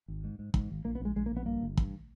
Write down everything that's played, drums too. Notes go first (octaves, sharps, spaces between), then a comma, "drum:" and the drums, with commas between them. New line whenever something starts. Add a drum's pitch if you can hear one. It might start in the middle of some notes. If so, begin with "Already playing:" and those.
G#1
G#2
G#2
G#2, drum: kick
G#1
A#1 A#3
B3
A#1
G#3
A#1 G#3
A#3
A#1
B3
G2 A#3
G1
G2, drum: kick